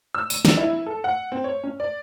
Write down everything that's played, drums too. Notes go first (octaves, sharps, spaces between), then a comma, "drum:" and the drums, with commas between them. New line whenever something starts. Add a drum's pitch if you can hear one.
E6
D#7, drum: tambourine
D4, drum: snare
E4
A4
F#5
C4
C#5
C#4
D5